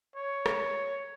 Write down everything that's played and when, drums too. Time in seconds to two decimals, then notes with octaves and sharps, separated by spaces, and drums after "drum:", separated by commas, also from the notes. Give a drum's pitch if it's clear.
0.16 C#5
0.46 drum: rim click